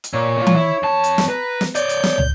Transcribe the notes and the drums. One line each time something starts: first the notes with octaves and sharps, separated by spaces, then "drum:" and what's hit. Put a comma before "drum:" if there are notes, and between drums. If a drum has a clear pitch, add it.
drum: hi-hat
A#2 C#5
A#2 F4
drum: tom E3
E4
F2 A5
drum: hi-hat
drum: snare
B4 A#5
drum: snare
C#5 D5 G6, drum: hi-hat
drum: hi-hat
drum: snare
drum: tom